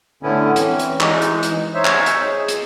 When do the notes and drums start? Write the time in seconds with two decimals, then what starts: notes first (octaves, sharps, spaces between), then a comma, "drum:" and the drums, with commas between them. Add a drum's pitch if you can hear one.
0.23 A2 D3 A3 B3 C#4 E4
0.56 E3 C4 C#4, drum: hi-hat
0.79 drum: hi-hat
1.01 E3 G#3 D#4, drum: clap
1.22 drum: hi-hat
1.43 drum: hi-hat
1.75 D#4 C5 C#5 E5
1.85 drum: clap
2.06 drum: hi-hat
2.25 G#4
2.48 drum: hi-hat